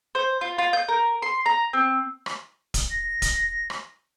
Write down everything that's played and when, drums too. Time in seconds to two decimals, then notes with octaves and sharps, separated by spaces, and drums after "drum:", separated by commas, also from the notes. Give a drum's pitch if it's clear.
0.15 C5
0.41 F4
0.58 F4
0.73 G6
0.88 A#4
1.22 C6
1.46 A#5
1.73 C4
2.26 drum: rim click
2.74 drum: kick D1, hi-hat
2.91 A#6
3.22 drum: kick D1, hi-hat
3.70 drum: rim click